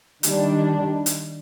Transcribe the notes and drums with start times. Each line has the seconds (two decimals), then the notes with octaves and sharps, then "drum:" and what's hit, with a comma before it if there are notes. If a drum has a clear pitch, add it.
0.23 D#3 G3 D4, drum: hi-hat
1.06 drum: hi-hat